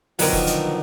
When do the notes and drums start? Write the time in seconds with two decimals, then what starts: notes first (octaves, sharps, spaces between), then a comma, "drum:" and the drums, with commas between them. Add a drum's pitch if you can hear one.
0.19 B2 D3 D#3 F3 F#3 D#4 A#4, drum: open hi-hat
0.33 drum: kick
0.47 drum: hi-hat